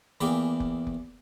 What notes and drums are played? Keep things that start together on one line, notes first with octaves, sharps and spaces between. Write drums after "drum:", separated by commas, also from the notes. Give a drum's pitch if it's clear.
E2 E3 A#3 G4 G#4 D6
drum: kick F1
drum: kick F1